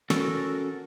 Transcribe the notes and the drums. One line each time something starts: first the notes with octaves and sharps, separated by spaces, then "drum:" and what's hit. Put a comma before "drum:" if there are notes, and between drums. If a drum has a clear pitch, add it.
C#4 F#4 A4 A#4, drum: snare